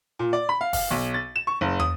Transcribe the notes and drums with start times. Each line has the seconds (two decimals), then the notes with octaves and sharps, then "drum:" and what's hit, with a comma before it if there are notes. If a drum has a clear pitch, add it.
0.19 A#2
0.33 D5
0.49 B5
0.61 F5
0.73 F5, drum: kick, open hi-hat
0.91 B1
1.14 A6
1.36 E7
1.47 C#6
1.61 F#1
1.80 D#6, drum: tom